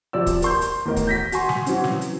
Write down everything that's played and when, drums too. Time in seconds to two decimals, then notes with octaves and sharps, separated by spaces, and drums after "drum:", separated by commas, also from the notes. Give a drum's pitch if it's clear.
0.13 C3 F3 D5 E6
0.27 drum: kick, hi-hat
0.42 A#4 C6 G6, drum: hi-hat
0.62 drum: hi-hat
0.85 E2 A2 A#4 D#5
0.96 drum: kick, hi-hat
1.07 G6 A#6 B6
1.32 F#4 G#5 C6, drum: hi-hat
1.49 drum: snare
1.66 E3 F#3 C4 C#4, drum: hi-hat
1.84 drum: snare
2.01 drum: hi-hat